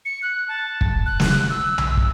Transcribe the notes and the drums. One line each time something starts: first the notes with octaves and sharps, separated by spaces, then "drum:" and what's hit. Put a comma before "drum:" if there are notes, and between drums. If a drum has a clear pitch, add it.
C#7
F#6
A5
drum: kick
F#6
drum: snare
E6
drum: tom B1
drum: kick